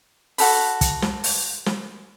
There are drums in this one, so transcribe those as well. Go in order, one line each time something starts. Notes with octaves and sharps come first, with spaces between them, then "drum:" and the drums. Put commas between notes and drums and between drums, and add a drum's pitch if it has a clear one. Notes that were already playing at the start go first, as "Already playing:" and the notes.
F#4 A4 B5, drum: open hi-hat
drum: kick, hi-hat
drum: snare
drum: open hi-hat
drum: snare